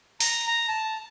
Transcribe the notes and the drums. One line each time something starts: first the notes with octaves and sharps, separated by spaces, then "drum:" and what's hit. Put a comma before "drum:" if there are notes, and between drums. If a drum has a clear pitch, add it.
A#5, drum: open hi-hat
A#5
A5